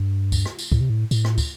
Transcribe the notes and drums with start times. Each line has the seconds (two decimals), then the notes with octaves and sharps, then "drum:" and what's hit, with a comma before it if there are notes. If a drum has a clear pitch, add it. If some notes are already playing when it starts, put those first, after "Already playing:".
Already playing: G2
0.32 drum: kick, tambourine
0.45 drum: rim click
0.59 drum: tambourine
0.72 A2, drum: kick
0.81 C3
0.90 A2
1.11 A2, drum: tambourine
1.25 drum: rim click
1.38 drum: kick, tambourine